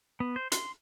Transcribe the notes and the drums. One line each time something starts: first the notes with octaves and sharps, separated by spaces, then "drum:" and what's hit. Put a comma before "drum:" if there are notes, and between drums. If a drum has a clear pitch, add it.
B3
C5
C6, drum: hi-hat